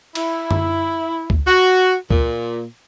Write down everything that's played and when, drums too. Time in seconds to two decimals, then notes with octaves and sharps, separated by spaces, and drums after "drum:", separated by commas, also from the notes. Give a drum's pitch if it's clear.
0.15 E4, drum: cymbal
0.51 drum: tom F#2
1.30 drum: kick C#2
1.46 F#4
2.11 A#2, drum: kick C#2